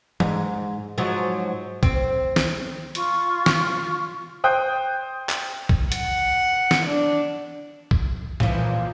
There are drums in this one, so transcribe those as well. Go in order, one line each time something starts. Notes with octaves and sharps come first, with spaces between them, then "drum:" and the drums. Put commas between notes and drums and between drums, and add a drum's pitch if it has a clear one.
G#2, drum: tom E3
G#2 F3 F#3
C4, drum: kick B1
drum: snare
F4 C6 C#6, drum: hi-hat
drum: snare
C5 G5 D#6 F#6
drum: clap
drum: kick B1
F#5, drum: hi-hat
drum: snare
D4
drum: kick B1
C2 E3 F3, drum: tom G#2
A#2